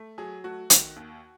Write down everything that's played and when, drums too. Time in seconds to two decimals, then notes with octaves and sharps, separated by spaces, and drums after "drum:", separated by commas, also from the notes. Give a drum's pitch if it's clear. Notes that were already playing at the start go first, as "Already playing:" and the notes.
Already playing: A3
0.18 F#3 G#4
0.44 A3 F#4
0.70 D#3, drum: hi-hat
0.96 D#2